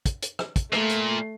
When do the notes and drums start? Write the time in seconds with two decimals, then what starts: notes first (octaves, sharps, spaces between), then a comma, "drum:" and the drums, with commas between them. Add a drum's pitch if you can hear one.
0.06 drum: kick, hi-hat
0.22 drum: hi-hat
0.39 drum: rim click
0.56 drum: kick, hi-hat
0.73 A#2 A3, drum: rim click
0.89 drum: hi-hat